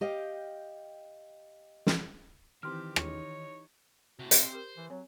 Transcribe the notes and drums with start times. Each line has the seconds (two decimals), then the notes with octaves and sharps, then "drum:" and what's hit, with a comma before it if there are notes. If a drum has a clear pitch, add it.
0.01 G4 D#5 F5 G5
1.87 drum: snare
2.63 D#3 E3 C4 G4 C6 F6
2.96 D#4 C#5, drum: rim click
4.19 A2 C3 F#4
4.31 C4 G4 C5, drum: hi-hat
4.53 G4 A#4
4.77 E3
4.90 F#3 C4 C#5